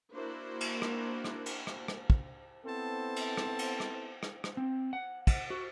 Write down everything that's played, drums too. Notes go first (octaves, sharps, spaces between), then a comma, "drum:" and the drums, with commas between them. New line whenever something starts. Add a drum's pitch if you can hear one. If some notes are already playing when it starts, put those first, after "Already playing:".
A#3 D4 E4 F#4 C5
drum: cymbal
drum: rim click
drum: rim click
drum: cymbal
drum: rim click
drum: rim click
drum: kick
B3 C4 E4 A4 C5 A5
drum: cymbal
drum: rim click
drum: cymbal
drum: rim click
drum: rim click
drum: rim click
C4
F#5
F#5, drum: kick, cymbal
F#4